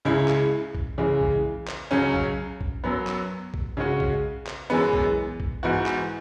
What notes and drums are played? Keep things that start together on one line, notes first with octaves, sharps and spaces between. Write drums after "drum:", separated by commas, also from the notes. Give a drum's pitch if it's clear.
C#2 C#3 G#3 E4
drum: clap
drum: kick A#1
C#3 E3 G#3
drum: kick A#1
drum: clap
C#2 C#3 F#3 C#4
drum: kick A#1
drum: kick A#1
F#2 F#3 B3
drum: clap
drum: kick A#1
C#3 G#3 C#4 F#4
drum: kick A#1
drum: clap
F#2 E3 G#3 B3
drum: kick A#1
drum: kick A#1
G#2 E3 B3 F#4
drum: clap